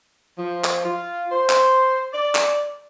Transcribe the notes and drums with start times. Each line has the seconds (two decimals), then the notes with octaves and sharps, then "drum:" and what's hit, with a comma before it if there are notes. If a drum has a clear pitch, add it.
0.38 F3
0.64 drum: clap
0.84 F4
1.31 C5
1.50 drum: clap
2.14 D5
2.35 drum: clap